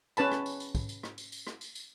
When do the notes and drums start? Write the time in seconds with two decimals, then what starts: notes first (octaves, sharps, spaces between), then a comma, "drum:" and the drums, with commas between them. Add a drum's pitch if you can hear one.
0.17 C#4 B4 A5 B5, drum: tambourine
0.31 drum: rim click
0.46 drum: tambourine
0.60 drum: tambourine
0.75 drum: kick, tambourine
0.89 drum: tambourine
1.03 drum: rim click
1.18 drum: tambourine
1.32 drum: tambourine
1.47 drum: rim click
1.61 drum: tambourine
1.75 drum: tambourine